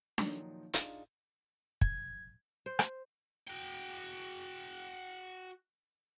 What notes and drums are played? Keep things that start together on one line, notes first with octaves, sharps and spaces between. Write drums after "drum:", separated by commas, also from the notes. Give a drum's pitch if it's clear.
A#2 D#3 F3 F#3 D#4, drum: snare D4
D4 D#4 F4 G#4, drum: hi-hat
G#6, drum: kick
C5
drum: rim click
F#4 G5